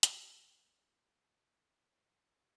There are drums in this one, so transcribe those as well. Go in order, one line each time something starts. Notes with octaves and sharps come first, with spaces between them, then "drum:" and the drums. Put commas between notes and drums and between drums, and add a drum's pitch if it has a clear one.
drum: hi-hat
G2 C3 A#3 F#5
E2 C#3 C#4 D5 G5
E3 G4
A3 D4 F4 G4 C5